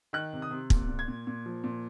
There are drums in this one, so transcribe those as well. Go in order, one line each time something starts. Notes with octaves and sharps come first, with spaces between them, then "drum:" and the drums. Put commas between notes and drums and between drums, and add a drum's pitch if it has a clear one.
D#3 F#6
C3
D#6
C3
A#2, drum: kick
A#2
G#6
A#2
A#2
F3
A#2